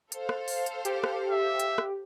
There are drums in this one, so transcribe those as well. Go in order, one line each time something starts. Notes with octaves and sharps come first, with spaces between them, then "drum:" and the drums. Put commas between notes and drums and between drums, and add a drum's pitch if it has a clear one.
A4 C5 F5, drum: hi-hat
drum: rim click
drum: open hi-hat
drum: hi-hat
G4, drum: hi-hat
drum: rim click
E5
drum: hi-hat
drum: rim click